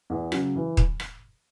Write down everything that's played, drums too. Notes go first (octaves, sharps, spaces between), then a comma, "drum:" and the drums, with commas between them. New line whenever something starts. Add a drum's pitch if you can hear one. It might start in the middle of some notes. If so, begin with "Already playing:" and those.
E2
C#3 F#3, drum: rim click
E3
drum: kick D#1
drum: rim click